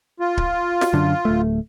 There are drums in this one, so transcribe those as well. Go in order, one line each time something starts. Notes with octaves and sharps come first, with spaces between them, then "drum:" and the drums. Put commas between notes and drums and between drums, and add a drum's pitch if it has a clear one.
F4
drum: kick D1
drum: snare
F#2 D3
D1 A3